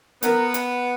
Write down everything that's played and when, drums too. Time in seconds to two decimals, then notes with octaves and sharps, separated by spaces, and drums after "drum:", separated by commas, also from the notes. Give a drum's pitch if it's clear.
0.23 B3 A#4, drum: hi-hat
0.54 drum: hi-hat